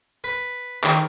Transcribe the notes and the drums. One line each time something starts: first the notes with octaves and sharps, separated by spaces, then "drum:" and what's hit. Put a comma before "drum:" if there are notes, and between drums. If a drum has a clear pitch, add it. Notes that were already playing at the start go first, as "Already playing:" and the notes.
B4
D#3, drum: clap